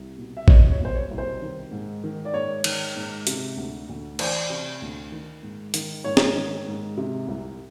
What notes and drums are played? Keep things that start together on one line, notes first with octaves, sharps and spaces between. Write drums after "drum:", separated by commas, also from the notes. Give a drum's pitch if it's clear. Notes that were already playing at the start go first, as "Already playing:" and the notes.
Already playing: C2
B2
E5
C2 C#5 D#5, drum: kick
C#5
B2
C5
C#5
C2
C5
D#3
G#2
D#3
D5
G#2 C#5
D#3, drum: cymbal
G#2
C3, drum: hi-hat
D2
D2
E3 C5 D5, drum: cymbal
C3
D2
D#3
G#2
D#3, drum: hi-hat
G#2 C#5
drum: snare
D#3
G#2
C3
C2